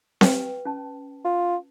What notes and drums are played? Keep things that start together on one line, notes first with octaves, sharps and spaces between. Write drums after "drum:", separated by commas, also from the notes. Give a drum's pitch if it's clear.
B4 G5, drum: snare C4
C#4 A5
F4